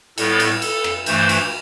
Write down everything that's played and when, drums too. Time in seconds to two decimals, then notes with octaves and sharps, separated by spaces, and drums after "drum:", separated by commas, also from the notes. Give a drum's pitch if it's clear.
0.18 A2 G3 B3 A4, drum: cymbal
0.40 drum: cymbal
0.62 A4, drum: cymbal
0.84 drum: rim click
1.06 G2 E3 A3 C5, drum: cymbal
1.29 drum: cymbal